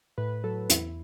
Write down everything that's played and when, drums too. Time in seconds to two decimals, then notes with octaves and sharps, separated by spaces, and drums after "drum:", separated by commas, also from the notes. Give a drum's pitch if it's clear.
0.18 A2 B4
0.44 F#3 A4
0.69 E2 E4, drum: hi-hat